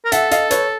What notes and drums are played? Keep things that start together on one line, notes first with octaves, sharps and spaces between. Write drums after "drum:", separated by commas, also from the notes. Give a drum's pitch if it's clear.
A#4
A4 E5 F#5, drum: hi-hat
D#5 F5, drum: hi-hat
B4 C#5, drum: hi-hat